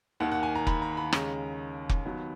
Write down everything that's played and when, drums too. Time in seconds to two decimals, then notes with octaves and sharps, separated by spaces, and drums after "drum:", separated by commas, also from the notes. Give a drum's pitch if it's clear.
0.20 D#2 D#3 A#3 F#5
0.32 F#5
0.43 G#5
0.55 A#5
0.67 B5, drum: kick F1
0.82 A#5
0.97 B5
1.13 D#2 C#3 G#3 C#4 A#5, drum: rim click
1.89 drum: kick F1
2.05 D#2 D#3 F#3 B3